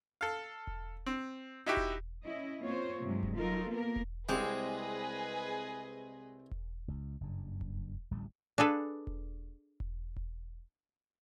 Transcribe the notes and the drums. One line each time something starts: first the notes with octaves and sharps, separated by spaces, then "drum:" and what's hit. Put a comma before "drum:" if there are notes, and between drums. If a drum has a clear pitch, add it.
A4 F5
drum: kick E1
C4
D#4 E4 F#4 G4
drum: kick E1
C#4 E4 D#5
A#3 C4 F4 C5 C#5
G2 C3 F#3 G#3
drum: kick E1
F#3 D#4 F4 A4 A#4
A#3 B3 A#4
drum: kick E1
C2 G#3 C4 G#4 B4 D#5 D6
drum: kick E1
C#2
F#1 G2
drum: kick E1
D1 A1 G3 A3
D4 G#4 A4 B4
drum: kick E1
drum: kick E1
drum: kick E1